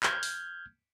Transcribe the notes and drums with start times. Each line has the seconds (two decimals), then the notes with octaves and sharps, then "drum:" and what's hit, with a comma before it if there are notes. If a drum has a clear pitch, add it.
0.03 F6 G6 G#6, drum: clap
0.23 drum: open hi-hat